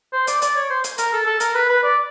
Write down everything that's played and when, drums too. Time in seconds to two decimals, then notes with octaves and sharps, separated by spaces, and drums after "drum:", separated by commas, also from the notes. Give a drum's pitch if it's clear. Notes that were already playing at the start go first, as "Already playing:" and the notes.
0.13 C5
0.27 D5, drum: hi-hat
0.42 D5, drum: hi-hat
0.56 C#5
0.70 C5
0.84 drum: hi-hat
0.98 A#4, drum: hi-hat
1.13 A4
1.26 A4
1.40 A#4, drum: hi-hat
1.55 B4
1.69 B4
1.83 D5